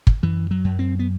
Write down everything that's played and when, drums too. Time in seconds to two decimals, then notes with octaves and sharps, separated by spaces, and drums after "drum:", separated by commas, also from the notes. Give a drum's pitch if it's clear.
0.07 drum: kick
0.23 F#2 E3
0.51 F#3
0.64 F#2
0.79 C4
0.99 B3